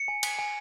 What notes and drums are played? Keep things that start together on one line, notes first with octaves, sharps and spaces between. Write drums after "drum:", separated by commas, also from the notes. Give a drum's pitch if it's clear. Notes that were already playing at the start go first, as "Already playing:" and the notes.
Already playing: C#7
G#5
G#5, drum: cymbal
G#5